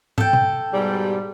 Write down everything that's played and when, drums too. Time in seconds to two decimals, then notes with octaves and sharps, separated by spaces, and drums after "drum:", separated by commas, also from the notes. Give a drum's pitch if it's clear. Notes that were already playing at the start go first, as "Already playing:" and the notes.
0.18 A4 G5, drum: tom
0.33 drum: tom B2
0.73 G#2 B2 G3